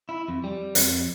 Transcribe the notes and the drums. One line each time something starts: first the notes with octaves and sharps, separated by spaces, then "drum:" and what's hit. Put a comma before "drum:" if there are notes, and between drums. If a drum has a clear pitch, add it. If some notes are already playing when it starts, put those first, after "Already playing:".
E4
F2
G3
F2, drum: hi-hat